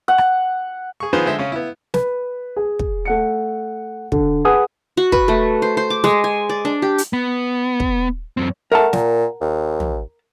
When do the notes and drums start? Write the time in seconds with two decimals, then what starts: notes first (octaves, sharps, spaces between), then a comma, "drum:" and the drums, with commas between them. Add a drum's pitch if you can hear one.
0.08 F#5
0.18 drum: rim click
1.00 G#4 C#6
1.13 D#3 F3 B3 G#4 B4 C5
1.26 D3 G#3 C5 E5
1.38 C#3 C#4
1.52 B3 E4
1.94 B4, drum: snare
2.57 G#4
2.79 drum: kick
3.05 A3 F#5 C#7
4.12 D3, drum: kick
4.45 G#4 B4 F#5 G#5 D#6
4.97 F#4
5.12 B4, drum: kick
5.28 A3
5.62 C5
5.77 C5
5.90 D6
6.04 G#3, drum: snare
6.24 G#5
6.49 D5
6.65 D4
6.82 G4
6.98 drum: hi-hat
7.13 B3
7.80 drum: kick
8.37 F#2 C4
8.72 A3 A#4 F#5 A5
8.93 A#2, drum: snare
9.41 D#2
9.80 drum: tom